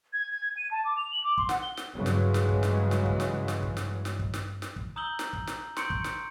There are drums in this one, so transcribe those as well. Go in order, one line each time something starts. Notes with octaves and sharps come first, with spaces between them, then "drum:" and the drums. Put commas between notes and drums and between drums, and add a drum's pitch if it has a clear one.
G#6
G#6
D#7
A5
D6
F7
F#7
D6
C6, drum: kick
F#5, drum: snare
G7
drum: snare
G2 C#3 E3 F#3 G#3
drum: snare
drum: snare
drum: kick
drum: snare
drum: snare
drum: kick
drum: snare
drum: snare
drum: kick
drum: snare
drum: snare
drum: kick
drum: snare
drum: snare
drum: kick
A#5 D#6 E6 G6 F#7 G7
drum: snare
drum: kick
drum: snare
C6 C#6 G6 C#7 D7, drum: snare
drum: kick
drum: snare